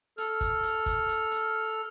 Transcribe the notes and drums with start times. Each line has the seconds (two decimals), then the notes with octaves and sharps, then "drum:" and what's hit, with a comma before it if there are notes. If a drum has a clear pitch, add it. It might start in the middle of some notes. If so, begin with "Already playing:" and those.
0.18 A4 F6, drum: hi-hat
0.41 drum: kick, hi-hat
0.63 drum: hi-hat
0.86 drum: kick, hi-hat
1.09 drum: hi-hat
1.32 drum: hi-hat